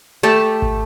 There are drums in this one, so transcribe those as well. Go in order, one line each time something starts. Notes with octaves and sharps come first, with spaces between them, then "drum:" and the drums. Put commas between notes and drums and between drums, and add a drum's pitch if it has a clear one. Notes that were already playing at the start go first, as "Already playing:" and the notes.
A3 G4 A5
drum: kick G#1